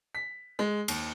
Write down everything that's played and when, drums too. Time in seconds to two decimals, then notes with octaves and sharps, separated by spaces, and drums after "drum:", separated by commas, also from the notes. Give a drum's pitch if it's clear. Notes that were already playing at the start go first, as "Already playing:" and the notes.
0.15 B6
0.59 G#3
0.88 D#2, drum: cymbal